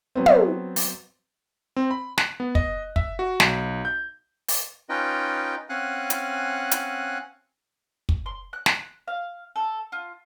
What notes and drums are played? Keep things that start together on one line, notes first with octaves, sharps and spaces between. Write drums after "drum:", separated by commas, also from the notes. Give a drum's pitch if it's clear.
F#3 B3 C4
drum: tom
drum: open hi-hat
C4
B5
F#6, drum: snare
B3
D#5, drum: kick
E5, drum: kick
F#4
B1, drum: snare
G6
drum: open hi-hat
C#4 D#4 F4 B4 D#5 G5
C4 C#4 F5 F#5 G#5 F#6
drum: hi-hat
drum: hi-hat
drum: kick
C6
F#6
drum: snare
F5
A4
F4